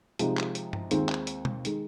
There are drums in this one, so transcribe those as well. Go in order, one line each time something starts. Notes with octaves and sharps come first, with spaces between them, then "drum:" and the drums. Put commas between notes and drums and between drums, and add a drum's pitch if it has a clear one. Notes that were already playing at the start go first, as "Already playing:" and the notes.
C3 F3 G#3 D#4 G4, drum: hi-hat
drum: clap
drum: hi-hat
drum: tom G2
D#2 D#3 G#3 C4 F4, drum: hi-hat
drum: clap
drum: hi-hat
drum: tom B2
D#3 G#3, drum: hi-hat